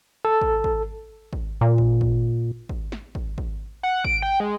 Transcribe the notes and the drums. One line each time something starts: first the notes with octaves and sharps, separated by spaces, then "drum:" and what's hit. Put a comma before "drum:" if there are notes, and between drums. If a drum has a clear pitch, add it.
A4
drum: kick
drum: kick
drum: kick
A#2
drum: kick
drum: kick
drum: kick
drum: snare
drum: kick
drum: kick
F#5
D7, drum: kick
G5
G#3